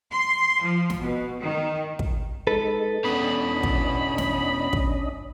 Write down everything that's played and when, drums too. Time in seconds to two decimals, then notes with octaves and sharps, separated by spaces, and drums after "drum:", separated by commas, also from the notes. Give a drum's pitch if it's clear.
0.11 C6
0.62 F3
0.90 drum: snare
1.01 B2
1.41 D#3
1.99 drum: kick
2.47 G#3 D#4 A4 B4
3.05 E2 B2 C#4 D4 D#5 B5
3.63 drum: kick
4.18 drum: snare
4.73 drum: kick